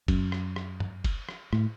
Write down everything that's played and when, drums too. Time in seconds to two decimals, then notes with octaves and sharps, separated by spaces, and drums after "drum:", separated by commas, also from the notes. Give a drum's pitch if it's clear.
0.08 F#2, drum: kick F#1, cymbal
0.32 drum: rim click
0.56 drum: rim click
0.80 drum: tom
1.04 drum: kick F#1, cymbal
1.29 drum: rim click
1.53 A2, drum: rim click